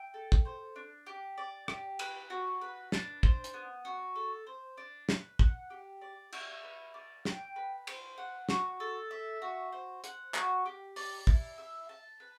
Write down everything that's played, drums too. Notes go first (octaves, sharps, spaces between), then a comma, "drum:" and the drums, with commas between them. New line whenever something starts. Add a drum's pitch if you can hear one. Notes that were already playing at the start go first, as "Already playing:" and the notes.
Already playing: E5 G5
A4
drum: kick
C5
D4
G4
D5
G4, drum: rim click
B4, drum: cymbal
F#4
B4
D4, drum: snare
C5, drum: kick
drum: hi-hat
B3
F#4
A4
C5
D4
B4, drum: snare
F#5, drum: kick
G4
D5
E4, drum: cymbal
B4
D5
G5, drum: snare
B4
C5, drum: cymbal
F#5
F#4, drum: snare
A4
E5
F#4
C5
F#5, drum: hi-hat
F#4, drum: clap
G4
D5, drum: open hi-hat
E4, drum: kick
E5
A5
B4